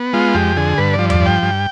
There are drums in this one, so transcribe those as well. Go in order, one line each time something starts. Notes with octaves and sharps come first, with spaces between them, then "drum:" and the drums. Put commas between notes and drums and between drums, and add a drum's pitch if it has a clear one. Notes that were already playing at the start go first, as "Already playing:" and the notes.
Already playing: B3
G#3 F4
F2 G4
D3 G#4
G2 B4
D5
F3
D5, drum: tom E2
G2
G5
G2